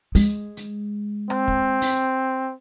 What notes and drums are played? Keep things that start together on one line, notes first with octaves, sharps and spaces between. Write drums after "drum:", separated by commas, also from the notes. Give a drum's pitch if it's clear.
G#3, drum: open hi-hat
drum: hi-hat
C4, drum: rim click
drum: kick
drum: open hi-hat